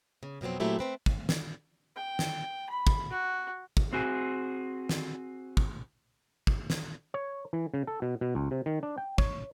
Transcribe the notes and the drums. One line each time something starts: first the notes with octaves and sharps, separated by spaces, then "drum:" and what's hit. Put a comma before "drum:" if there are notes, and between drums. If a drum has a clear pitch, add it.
C#3
F2 B2 F#3 B3 C4
A#2 F#3 A3 C4 E4 G4
A3 C4 B4
drum: kick
drum: snare
G5
drum: snare
B5
drum: kick
F#4
drum: kick
C4 F#4 G#4
drum: snare
drum: kick
drum: kick
drum: snare
C#5
E3
C#3
A4
B2
B2
C#2
C3
D#3
D4
G5
C#5, drum: kick